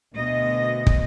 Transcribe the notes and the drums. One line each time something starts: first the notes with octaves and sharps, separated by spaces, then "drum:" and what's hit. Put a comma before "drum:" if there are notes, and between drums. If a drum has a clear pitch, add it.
D2 B2 D#5
drum: kick